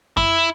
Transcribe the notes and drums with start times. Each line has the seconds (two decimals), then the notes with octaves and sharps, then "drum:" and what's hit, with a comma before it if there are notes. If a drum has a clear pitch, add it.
0.17 E4, drum: kick F#2